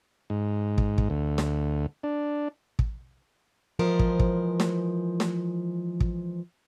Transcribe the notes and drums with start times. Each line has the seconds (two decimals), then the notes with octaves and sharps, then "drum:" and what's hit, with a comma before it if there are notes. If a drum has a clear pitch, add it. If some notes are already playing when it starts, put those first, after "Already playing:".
0.30 G#2
0.78 drum: kick
0.98 drum: kick
1.10 D2
1.38 drum: snare
2.03 D4
2.79 drum: kick
3.79 E3 F3 G#3 A#4 C5
3.99 drum: kick
4.19 drum: kick
4.60 drum: snare
5.20 drum: snare
6.00 drum: kick